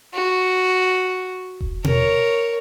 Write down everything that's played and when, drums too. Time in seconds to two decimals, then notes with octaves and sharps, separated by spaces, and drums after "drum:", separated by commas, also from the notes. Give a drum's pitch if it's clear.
0.14 F#4
1.61 drum: kick E1
1.84 A#4 C#5, drum: tom B2